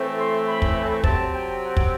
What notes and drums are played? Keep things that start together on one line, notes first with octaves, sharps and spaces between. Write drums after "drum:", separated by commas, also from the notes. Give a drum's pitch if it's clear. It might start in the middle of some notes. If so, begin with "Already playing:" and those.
Already playing: A2 E3 A3 C4
C6
B5
drum: kick
C3 F#3 C4 A5, drum: kick
G5
F#5
drum: kick